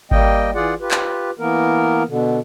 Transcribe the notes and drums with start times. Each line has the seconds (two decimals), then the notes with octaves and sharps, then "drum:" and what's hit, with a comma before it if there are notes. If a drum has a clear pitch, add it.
0.11 G3 A#3 D#5 G5, drum: kick G#1
0.55 E3 F4 G#4 D5 F#5
0.80 F4 G4 B4
0.91 drum: clap
1.39 E3 A#3 B3 A#4
2.08 B2 D3